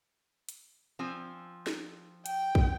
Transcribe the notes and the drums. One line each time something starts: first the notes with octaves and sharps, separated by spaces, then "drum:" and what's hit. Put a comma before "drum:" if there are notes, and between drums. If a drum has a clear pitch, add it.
drum: hi-hat
F3 C4 G#5
drum: snare
G5, drum: hi-hat
drum: kick